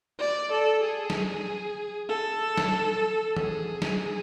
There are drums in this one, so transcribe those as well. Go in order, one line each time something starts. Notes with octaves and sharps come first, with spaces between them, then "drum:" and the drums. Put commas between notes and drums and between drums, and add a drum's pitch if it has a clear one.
D5
A4
G#4
drum: snare
A4
drum: snare
G#4, drum: tom E3
drum: snare